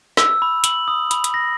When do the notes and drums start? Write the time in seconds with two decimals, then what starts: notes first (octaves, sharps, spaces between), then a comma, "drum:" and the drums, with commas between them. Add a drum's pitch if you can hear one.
0.17 E6, drum: snare
0.42 B5
0.64 F#7, drum: hi-hat
0.88 D#6
1.11 B5, drum: hi-hat
1.24 drum: hi-hat
1.34 A#6